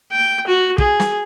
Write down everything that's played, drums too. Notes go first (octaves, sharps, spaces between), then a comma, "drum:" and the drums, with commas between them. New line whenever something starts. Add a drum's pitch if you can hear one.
G5
F#4
G#4, drum: kick
drum: snare